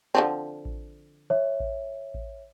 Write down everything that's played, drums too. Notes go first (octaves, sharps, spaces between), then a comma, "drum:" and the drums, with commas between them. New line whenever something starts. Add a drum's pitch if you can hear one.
D3 F3 C4
drum: kick A1
C#5 E5
drum: kick A1
drum: kick A1